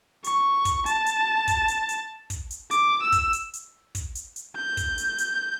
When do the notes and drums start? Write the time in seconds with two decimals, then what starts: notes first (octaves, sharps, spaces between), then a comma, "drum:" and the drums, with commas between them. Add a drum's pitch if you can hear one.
0.24 C#6, drum: hi-hat
0.65 drum: kick, hi-hat
0.86 A5, drum: hi-hat
1.06 drum: hi-hat
1.48 drum: kick, hi-hat
1.68 drum: hi-hat
1.89 drum: hi-hat
2.30 drum: kick, hi-hat
2.51 drum: hi-hat
2.71 D6, drum: hi-hat
3.02 E6
3.12 drum: kick, hi-hat
3.33 drum: hi-hat
3.54 drum: hi-hat
3.95 drum: kick, hi-hat
4.15 drum: hi-hat
4.36 drum: hi-hat
4.56 G6
4.77 drum: kick, hi-hat
4.98 drum: hi-hat
5.18 drum: hi-hat